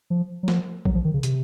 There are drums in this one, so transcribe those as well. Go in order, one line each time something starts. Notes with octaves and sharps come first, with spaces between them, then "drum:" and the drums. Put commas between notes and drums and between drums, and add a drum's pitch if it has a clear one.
F3
F#3
F3, drum: snare
F#3, drum: kick A#1
F3
D#3
C#3
C3, drum: hi-hat